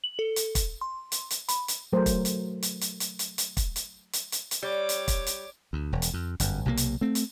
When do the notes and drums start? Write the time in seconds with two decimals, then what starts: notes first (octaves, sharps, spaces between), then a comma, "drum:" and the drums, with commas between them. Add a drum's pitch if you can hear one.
0.04 F#7
0.19 A4
0.36 drum: hi-hat
0.55 drum: kick, hi-hat
0.81 C6
1.12 drum: hi-hat
1.31 drum: hi-hat
1.48 B5, drum: hi-hat
1.68 drum: hi-hat
1.93 F#3 A3 A#4 C5
2.06 drum: kick, hi-hat
2.25 drum: hi-hat
2.63 drum: hi-hat
2.81 drum: hi-hat
3.00 drum: hi-hat
3.19 drum: hi-hat
3.38 drum: hi-hat
3.57 drum: kick, hi-hat
3.76 drum: hi-hat
4.13 drum: hi-hat
4.32 drum: hi-hat
4.51 drum: hi-hat
4.63 G3 C#5 D6
4.89 drum: hi-hat
5.08 drum: kick, hi-hat
5.27 drum: hi-hat
5.73 D2
5.92 E1
6.02 drum: hi-hat
6.14 F2
6.40 G1 F#2, drum: hi-hat
6.66 B1 C3 E3 A#3
6.77 drum: hi-hat
7.01 A3 C4
7.15 drum: hi-hat